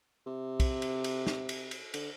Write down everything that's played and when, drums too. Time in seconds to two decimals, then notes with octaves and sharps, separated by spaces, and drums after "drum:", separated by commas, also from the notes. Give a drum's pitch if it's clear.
0.26 C3
0.60 drum: kick B1, cymbal
0.82 drum: cymbal
1.04 drum: cymbal
1.27 drum: snare
1.49 drum: cymbal
1.71 drum: cymbal
1.94 D3, drum: cymbal